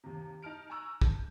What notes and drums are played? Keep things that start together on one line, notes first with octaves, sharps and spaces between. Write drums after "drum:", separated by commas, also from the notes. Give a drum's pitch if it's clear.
D#2 C3
D#4 A5 F6 D7
G#5 A#5 C#6 E6 F#6
A5 G6, drum: kick